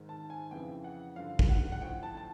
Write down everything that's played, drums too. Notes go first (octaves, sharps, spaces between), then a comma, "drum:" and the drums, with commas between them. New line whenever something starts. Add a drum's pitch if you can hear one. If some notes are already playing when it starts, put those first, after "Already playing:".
Already playing: G#2 D#3
A5
G#5
F2 C#3 E3 G5
F#5
G2 D3 F3 F5
drum: kick
F#5
F#5
A2 F3 G5
A5
A5